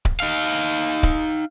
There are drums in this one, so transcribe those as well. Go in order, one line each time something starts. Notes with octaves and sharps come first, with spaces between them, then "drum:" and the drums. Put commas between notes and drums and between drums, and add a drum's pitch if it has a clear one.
drum: kick D1
D#4 F5
drum: kick D1